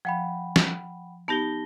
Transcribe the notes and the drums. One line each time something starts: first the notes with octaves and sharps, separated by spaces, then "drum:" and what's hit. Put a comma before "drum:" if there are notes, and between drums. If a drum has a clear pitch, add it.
F3 F#5 G5 B5
drum: snare
B3 D#4 G4 A5 A#6 G7